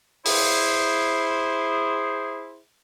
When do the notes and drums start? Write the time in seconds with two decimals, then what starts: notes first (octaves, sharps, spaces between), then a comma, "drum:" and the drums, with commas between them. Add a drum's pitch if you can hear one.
0.26 E4 G#4 C5, drum: open hi-hat